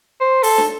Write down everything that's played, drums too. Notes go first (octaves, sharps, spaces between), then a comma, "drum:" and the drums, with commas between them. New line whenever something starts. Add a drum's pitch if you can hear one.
C5
A4, drum: open hi-hat
drum: snare